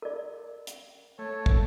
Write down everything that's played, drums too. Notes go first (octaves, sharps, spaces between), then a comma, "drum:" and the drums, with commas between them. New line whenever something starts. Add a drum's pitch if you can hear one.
A#4 D5
drum: hi-hat
A3 C#5
drum: kick